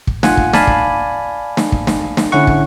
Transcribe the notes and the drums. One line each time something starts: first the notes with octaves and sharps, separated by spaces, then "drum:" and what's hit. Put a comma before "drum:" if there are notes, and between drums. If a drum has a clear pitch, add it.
drum: kick
F4 F#5 G#5, drum: snare
drum: kick
D5 F5 G#5 A5 B5, drum: snare
drum: kick
drum: snare
drum: kick
drum: snare
drum: snare
D3 C#4 E4 F#5 C#6
drum: kick